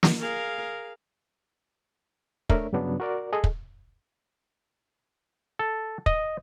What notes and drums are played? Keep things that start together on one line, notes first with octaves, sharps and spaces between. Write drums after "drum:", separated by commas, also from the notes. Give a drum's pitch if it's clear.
drum: snare
G#4 A#4 F5
A3 D4 A#4 C#5 E5, drum: kick
G2 C#3 F#3 B3 D4
F#4 A#4 D5
G#4 A4 D#5
drum: kick
A4
D#5, drum: kick